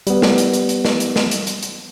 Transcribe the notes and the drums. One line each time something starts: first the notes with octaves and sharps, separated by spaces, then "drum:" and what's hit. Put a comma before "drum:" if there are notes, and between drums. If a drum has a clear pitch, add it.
G3 B3, drum: hi-hat
drum: snare
drum: hi-hat
drum: hi-hat
drum: hi-hat
drum: snare
drum: hi-hat
drum: snare
drum: hi-hat
drum: hi-hat
drum: hi-hat